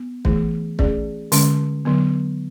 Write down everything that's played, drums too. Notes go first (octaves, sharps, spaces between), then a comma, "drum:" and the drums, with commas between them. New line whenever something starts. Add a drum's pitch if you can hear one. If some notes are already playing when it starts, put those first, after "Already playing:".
Already playing: B3
E3 A3 E4 G#4, drum: kick
A3 C#4 G#4 D5, drum: kick
D3 G#3 C#4, drum: open hi-hat
D3 F#3 B3